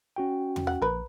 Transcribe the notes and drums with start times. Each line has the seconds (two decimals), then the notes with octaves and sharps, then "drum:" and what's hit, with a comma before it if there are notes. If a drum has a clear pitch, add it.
0.16 C#4 F#4 G5
0.56 drum: tom E2
0.67 F#5
0.82 A#1 A#4 B4